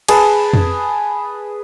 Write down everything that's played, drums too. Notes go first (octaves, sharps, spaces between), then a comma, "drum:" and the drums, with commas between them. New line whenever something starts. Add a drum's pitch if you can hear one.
G#4 B4 A5, drum: cymbal
drum: tom F2